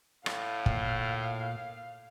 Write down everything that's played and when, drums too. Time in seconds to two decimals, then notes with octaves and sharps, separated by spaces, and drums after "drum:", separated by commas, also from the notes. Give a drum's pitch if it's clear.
0.26 A2 F5, drum: rim click
0.66 A#2, drum: kick